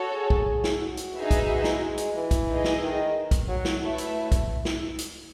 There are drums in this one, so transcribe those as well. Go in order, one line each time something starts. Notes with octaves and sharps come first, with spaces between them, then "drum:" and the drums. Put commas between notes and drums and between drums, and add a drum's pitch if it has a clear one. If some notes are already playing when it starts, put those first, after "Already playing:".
Already playing: F#4 A4 C#5
G#4
drum: kick
drum: snare
F#4
drum: hi-hat
D#4 G#4 B4 E5
drum: kick, hi-hat
F#4
drum: snare
G#3
drum: hi-hat
E3
drum: kick, hi-hat
D#4 G#4 B4 D#5
drum: snare
D#3
drum: kick, hi-hat
F#3
drum: snare
A3 E4 B4 E5
drum: hi-hat
drum: kick, hi-hat
drum: snare
drum: hi-hat